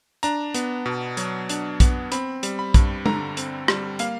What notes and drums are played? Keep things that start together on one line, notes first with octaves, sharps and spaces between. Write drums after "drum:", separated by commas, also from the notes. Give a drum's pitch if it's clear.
D4 A#5, drum: hi-hat
B3, drum: hi-hat
B2
F#3, drum: hi-hat
D4, drum: hi-hat
B3, drum: kick, hi-hat
C4 B5, drum: hi-hat
G3, drum: hi-hat
B5
G2, drum: kick, hi-hat
D3 A#5, drum: tom
C4, drum: hi-hat
G3, drum: rim click
A#3 F5, drum: hi-hat